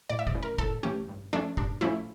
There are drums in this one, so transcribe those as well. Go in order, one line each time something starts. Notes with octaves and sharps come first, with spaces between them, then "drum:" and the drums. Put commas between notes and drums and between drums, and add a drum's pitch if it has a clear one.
A2 D5
E5
D5, drum: kick
E3 A3 C#4
A#4
A2 A4, drum: kick
E3 A3 C#4 G4
G2
F3 A3 C#4 D4
G2 D4, drum: kick
F3 A3 C#4 E4